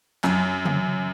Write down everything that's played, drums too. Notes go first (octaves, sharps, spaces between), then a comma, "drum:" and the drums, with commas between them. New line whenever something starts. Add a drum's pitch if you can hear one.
F#2, drum: clap
drum: tom C#3